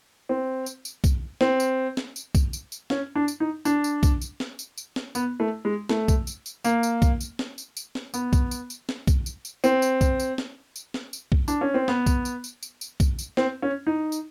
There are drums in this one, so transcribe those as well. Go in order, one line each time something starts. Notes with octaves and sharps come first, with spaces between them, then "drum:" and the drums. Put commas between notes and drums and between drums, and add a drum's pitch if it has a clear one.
C4
drum: tambourine
drum: tambourine
drum: kick, tambourine
C4, drum: snare
drum: tambourine
drum: snare
drum: tambourine
drum: kick, tambourine
drum: tambourine
drum: tambourine
C#4, drum: snare
D4
drum: tambourine
D#4
D4, drum: tambourine
drum: tambourine
drum: kick, tambourine
drum: tambourine
drum: snare
drum: tambourine
drum: tambourine
drum: snare
B3, drum: tambourine
A3
G#3
A3, drum: snare
drum: kick, tambourine
drum: tambourine
drum: tambourine
A#3, drum: tambourine
drum: tambourine
drum: kick, tambourine
drum: tambourine
drum: snare
drum: tambourine
drum: tambourine
drum: snare
B3, drum: tambourine
drum: kick, tambourine
drum: tambourine
drum: tambourine
drum: snare
drum: kick, tambourine
drum: tambourine
drum: tambourine
C4, drum: tambourine
drum: tambourine
drum: kick, tambourine
drum: tambourine
drum: snare
drum: tambourine
drum: snare
drum: tambourine
drum: kick
D4, drum: tambourine
C#4
C4
B3, drum: snare
drum: kick, tambourine
drum: tambourine
drum: tambourine
drum: tambourine
drum: tambourine
drum: kick, tambourine
drum: tambourine
C4, drum: snare
C#4
D#4
drum: tambourine